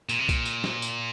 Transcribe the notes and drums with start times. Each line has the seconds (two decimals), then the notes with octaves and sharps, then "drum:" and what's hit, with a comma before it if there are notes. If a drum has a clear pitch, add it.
0.09 A#2, drum: tambourine
0.19 C3
0.29 A#2, drum: kick B1, tambourine
0.45 drum: tambourine
0.64 drum: snare
0.82 drum: tambourine